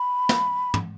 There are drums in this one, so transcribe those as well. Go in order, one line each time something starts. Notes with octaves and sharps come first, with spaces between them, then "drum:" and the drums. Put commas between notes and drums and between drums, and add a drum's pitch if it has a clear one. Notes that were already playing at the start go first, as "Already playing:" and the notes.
Already playing: B5
drum: snare
drum: tom